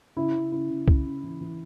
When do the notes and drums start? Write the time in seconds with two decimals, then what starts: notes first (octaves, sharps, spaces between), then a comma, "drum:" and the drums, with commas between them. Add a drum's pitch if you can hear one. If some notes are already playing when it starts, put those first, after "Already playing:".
0.16 C#3 E4
0.35 C#3
0.52 C#3 E4
0.70 C#3
0.88 C#3, drum: kick C2
1.05 C#3
1.23 E3
1.41 E3